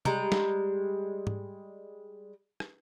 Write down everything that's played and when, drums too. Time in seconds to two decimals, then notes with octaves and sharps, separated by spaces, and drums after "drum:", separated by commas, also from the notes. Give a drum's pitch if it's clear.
0.05 G3 G#3 A#5, drum: tom C3
0.32 drum: snare
1.27 drum: tom G#2
2.60 drum: rim click